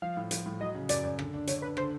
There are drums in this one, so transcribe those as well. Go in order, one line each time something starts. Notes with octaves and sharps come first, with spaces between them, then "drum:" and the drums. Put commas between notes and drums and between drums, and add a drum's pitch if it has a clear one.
F3 F5
A2
F3, drum: hi-hat
A2
F#3 D#5
C#3
F#2 D5, drum: hi-hat
F#2
D3, drum: rim click
D4
D3 C#5, drum: hi-hat
D4 B4
D3 C5, drum: rim click